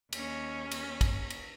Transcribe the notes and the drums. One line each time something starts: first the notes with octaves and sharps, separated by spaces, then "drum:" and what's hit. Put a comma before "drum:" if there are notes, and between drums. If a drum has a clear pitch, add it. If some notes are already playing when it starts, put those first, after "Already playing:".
D#2 C#4, drum: cymbal
drum: cymbal
drum: kick, cymbal
drum: cymbal